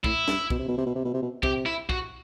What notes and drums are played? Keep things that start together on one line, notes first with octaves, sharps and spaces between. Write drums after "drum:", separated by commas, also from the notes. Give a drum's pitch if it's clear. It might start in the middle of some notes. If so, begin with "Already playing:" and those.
A2 E4, drum: kick
G2, drum: snare
B2, drum: kick
C3
B2
C3
B2
C3
B2
C3
B2
C3 G4, drum: kick
E4
F#4, drum: kick